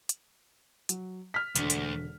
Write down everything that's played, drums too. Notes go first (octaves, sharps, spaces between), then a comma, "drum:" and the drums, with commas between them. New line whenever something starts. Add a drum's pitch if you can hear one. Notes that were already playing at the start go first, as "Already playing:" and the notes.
drum: hi-hat
F#3, drum: hi-hat
F6 B6
E1 D2 D3, drum: hi-hat
drum: hi-hat